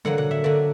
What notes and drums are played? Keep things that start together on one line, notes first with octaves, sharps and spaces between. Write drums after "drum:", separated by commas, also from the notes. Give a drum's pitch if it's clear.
D3 F#3 A#3 F#5, drum: tom
F#5
E5
D3 F#3 A#3 D5